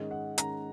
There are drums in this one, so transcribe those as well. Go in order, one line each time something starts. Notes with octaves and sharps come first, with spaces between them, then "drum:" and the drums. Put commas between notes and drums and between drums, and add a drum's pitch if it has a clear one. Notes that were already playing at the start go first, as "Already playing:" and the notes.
Already playing: G#2 D#3 G#3 C#4
F#5
G#2 D#3 G#3 C#4 A#5, drum: hi-hat